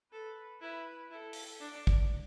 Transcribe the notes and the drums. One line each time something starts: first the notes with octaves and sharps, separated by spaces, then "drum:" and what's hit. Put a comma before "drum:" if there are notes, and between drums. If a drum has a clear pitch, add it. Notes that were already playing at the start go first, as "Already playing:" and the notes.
A4 B4
E4 B4
E4 A4
drum: open hi-hat
D4 D5
drum: kick A1